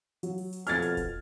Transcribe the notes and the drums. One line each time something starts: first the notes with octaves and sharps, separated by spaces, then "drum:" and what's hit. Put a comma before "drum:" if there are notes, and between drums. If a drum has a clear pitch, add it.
F#3, drum: hi-hat
drum: open hi-hat
drum: hi-hat
F2 B2 F6 G#6 A6, drum: hi-hat
drum: hi-hat
drum: kick E1, hi-hat